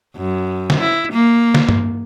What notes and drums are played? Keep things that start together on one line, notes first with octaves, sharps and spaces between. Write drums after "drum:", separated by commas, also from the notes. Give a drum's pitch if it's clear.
F#2
drum: snare
E4
A#3
drum: snare
drum: tom G2